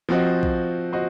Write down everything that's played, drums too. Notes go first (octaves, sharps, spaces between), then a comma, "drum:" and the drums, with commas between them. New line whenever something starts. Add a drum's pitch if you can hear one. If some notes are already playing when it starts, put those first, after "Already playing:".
F3 C4 F#4 C5 D#5
drum: kick A#1
F#4 C5 D#5